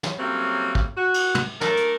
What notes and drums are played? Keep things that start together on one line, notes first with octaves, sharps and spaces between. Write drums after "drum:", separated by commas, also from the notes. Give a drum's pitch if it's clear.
drum: snare
F#3 G3 A3 A#3 C4 C#4
drum: kick
F#4
drum: cymbal
drum: tom
A3 D4 A4 A#4, drum: snare
drum: hi-hat